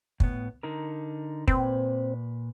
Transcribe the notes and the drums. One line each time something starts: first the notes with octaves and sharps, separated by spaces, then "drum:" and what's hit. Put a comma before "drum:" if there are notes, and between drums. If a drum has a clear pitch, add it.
A2 B3, drum: kick
D3 D#4 A#4
A#2 C4 B4, drum: kick